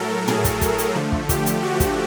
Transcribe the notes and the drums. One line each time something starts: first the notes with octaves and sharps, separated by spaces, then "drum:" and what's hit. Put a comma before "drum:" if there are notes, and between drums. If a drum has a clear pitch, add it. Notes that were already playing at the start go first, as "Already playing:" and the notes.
Already playing: A2 F#3 A3 A4 A#4
G#4, drum: tom
drum: kick, hi-hat
drum: kick, hi-hat
drum: hi-hat
D3 F3 A3
drum: kick
G4, drum: kick, hi-hat
drum: hi-hat
F#4
drum: kick, hi-hat